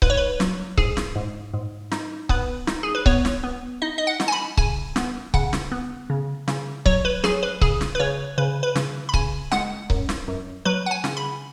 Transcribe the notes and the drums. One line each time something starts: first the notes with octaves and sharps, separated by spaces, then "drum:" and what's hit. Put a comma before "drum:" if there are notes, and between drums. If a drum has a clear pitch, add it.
G#2 B4, drum: kick C#1
C#5
B4
F#3, drum: snare
G#2 G#4, drum: kick C#1
drum: snare
G#2
G#2
D#4, drum: snare
B3 B4, drum: kick C#1
D#4, drum: snare
G#4
B4
B3 C#5, drum: kick C#1
drum: snare
B3
D#4 D#5
D#5
F#5
D#4, drum: snare
G#5
B5
C#3 G#5, drum: kick C#1
B3, drum: snare
C#3 F#5, drum: kick C#1
drum: snare
B3
C#3
C#3, drum: snare
F#3 C#5, drum: kick C#1
B4
F#3 G#4, drum: snare
B4
C#3 G#4, drum: kick C#1
drum: snare
B4
C#3 C#5
C#3 B4
B4
C#3, drum: snare
B5
C#3 G#5, drum: kick C#1
G#3 F#5, drum: snare
F#2, drum: kick C#1
drum: snare
F#2
F#3 B4
F#5
G#5
C#3, drum: snare
B5